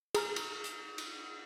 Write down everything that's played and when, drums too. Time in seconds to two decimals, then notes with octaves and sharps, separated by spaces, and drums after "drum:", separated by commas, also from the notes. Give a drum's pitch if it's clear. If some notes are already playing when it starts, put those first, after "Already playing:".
0.14 G#4 A#5 F6, drum: cymbal
0.36 drum: cymbal
0.64 drum: hi-hat
0.98 drum: cymbal